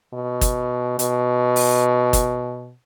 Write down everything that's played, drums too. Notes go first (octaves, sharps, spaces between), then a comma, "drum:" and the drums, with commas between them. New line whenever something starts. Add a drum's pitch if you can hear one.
B2
drum: kick, hi-hat
B2, drum: hi-hat
drum: open hi-hat
drum: kick, hi-hat